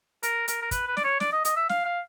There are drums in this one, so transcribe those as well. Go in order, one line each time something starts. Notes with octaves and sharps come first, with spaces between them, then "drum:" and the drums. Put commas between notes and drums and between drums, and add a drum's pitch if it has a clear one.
A#4, drum: hi-hat
A#4, drum: hi-hat
A#4
B4, drum: kick, hi-hat
B4
D5, drum: snare
C#5
D5, drum: snare
D#5
D#5, drum: hi-hat
E5
F5, drum: snare
F5